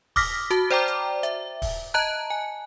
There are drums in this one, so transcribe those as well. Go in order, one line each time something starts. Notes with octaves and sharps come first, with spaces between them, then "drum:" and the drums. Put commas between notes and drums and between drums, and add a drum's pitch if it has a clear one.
D6 D#6 F6 A#6 B6, drum: kick, open hi-hat
F#4 A5, drum: hi-hat
C5 D5 G5 A#5 D6
drum: hi-hat
E5, drum: hi-hat
drum: kick, open hi-hat
D#5 A5 A#5 F#6
G#5